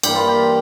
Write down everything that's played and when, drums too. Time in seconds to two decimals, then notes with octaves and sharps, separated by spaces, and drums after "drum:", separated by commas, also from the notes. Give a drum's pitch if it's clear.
0.03 G2 E3 A#3 G4, drum: cymbal
0.15 F4
0.28 G4